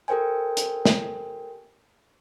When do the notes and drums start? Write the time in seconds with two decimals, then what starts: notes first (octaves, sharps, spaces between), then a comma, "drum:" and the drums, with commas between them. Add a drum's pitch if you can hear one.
0.08 G4 A4 A#4 C5 G5 G#5
0.57 drum: hi-hat
0.85 drum: snare